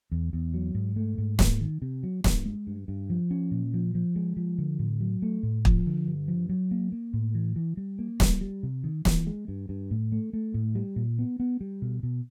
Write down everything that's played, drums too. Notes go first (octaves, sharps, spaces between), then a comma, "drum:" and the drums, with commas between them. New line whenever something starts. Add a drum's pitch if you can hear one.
E2
E2
F#3
G#2
A3
G#2
A3, drum: snare
D#3
C3
F#3
G2, drum: snare
G#3
G2
G2
F3
C#4
A#2
F3
F3
G#3
F3
D3
A2
F#3
A3
A2
F3, drum: kick
D3
G2
F3
F#3
A#3
A#3
A2
E3
E3
G3
A#3
G3, drum: snare
G3
C3
D#3
E3, drum: snare
G#3
G2
G2
A2
A3
A3
A2
G3
A#2
B3
B3
G3
B2
B2